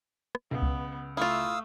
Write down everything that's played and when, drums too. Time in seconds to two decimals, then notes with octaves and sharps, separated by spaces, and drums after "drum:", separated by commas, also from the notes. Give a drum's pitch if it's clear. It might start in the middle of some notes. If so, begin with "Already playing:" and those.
0.35 drum: rim click
0.51 C#2 B3
0.62 drum: kick C#2
1.17 A3 E4 F4 F5 D#6 E6